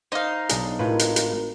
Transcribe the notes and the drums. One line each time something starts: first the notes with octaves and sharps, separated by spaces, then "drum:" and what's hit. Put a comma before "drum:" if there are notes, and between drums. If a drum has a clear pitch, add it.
D#4 C5 F5
B1 D4 G#4, drum: hi-hat
G#1 A2 F4 A#4 B4
drum: hi-hat
drum: hi-hat